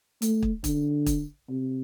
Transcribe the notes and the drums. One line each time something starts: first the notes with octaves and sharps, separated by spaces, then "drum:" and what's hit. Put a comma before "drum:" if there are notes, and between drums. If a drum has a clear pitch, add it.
A3, drum: hi-hat
drum: kick
D3, drum: kick, hi-hat
drum: kick, hi-hat
C3